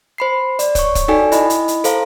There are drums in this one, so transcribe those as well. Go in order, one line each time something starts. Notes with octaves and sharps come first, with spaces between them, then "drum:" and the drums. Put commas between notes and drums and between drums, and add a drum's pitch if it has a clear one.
C5 B5 C7
D5, drum: hi-hat
C#5 C#6, drum: kick, hi-hat
drum: kick, hi-hat
D#4 F#4 A4 D5 G5 G#5
E4 D#5 B5, drum: hi-hat
drum: hi-hat
drum: hi-hat
A4 C5 F5 A#5, drum: hi-hat